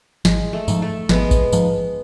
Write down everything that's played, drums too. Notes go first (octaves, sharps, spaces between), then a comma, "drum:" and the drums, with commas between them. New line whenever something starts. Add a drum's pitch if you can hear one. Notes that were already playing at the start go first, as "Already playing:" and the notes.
G#1 G#3, drum: snare
A3
G#2 F3, drum: tambourine
A3
G#1 G#3 B3, drum: snare
drum: kick A1, tambourine
G#2 F3, drum: tambourine